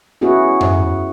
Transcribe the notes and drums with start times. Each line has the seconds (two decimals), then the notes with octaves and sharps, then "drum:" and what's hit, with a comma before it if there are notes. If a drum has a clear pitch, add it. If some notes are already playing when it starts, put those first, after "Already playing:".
0.21 B3 C#4 E4 F#4 G#4
0.61 drum: tom F#2